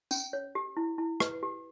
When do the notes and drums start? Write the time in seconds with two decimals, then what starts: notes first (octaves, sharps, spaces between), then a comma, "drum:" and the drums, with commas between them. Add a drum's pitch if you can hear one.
0.11 C#4, drum: tambourine
0.33 C#5
0.55 G4
0.77 E4
0.98 E4
1.20 B4, drum: rim click
1.43 G4